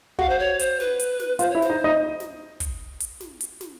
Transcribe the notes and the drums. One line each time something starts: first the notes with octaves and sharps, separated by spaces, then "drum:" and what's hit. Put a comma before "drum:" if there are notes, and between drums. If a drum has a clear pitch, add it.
F#4 F5 F#5, drum: kick
C5
C#5
C5, drum: hi-hat
B4, drum: snare
drum: hi-hat
drum: snare
F4 C5 F5, drum: hi-hat
E4 C#5 E5
C5, drum: snare
D#4 D#5
D#4 D#5
drum: snare
drum: kick, hi-hat
drum: hi-hat
drum: snare
drum: hi-hat
drum: snare